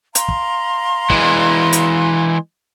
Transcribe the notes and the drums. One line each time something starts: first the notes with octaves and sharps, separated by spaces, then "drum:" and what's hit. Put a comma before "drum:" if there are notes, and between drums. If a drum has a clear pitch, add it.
F5 A#5 C6, drum: hi-hat
drum: kick
E3 G#3, drum: kick
drum: hi-hat